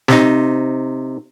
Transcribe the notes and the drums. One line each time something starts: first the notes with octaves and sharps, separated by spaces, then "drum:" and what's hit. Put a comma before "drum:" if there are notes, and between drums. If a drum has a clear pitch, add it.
C3 D#4, drum: snare